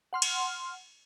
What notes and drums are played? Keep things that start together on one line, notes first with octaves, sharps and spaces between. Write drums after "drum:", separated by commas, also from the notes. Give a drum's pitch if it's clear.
F#5 C6 F6
drum: cymbal